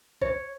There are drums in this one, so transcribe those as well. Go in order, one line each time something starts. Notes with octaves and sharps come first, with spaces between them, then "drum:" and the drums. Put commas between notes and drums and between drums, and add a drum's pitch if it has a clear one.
C#5, drum: kick B1